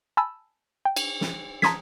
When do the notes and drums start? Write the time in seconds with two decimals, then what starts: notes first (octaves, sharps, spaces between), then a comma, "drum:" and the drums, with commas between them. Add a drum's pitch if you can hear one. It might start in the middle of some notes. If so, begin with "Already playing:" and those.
0.17 G#5 A5 B5 E6
0.85 G5
0.96 drum: cymbal
1.21 drum: snare
1.62 A5 A#5 C6 D#6 G#6 B6, drum: snare